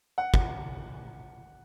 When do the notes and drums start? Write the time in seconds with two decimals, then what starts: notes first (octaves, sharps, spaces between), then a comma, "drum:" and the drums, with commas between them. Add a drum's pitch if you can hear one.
0.18 F#5
0.34 drum: kick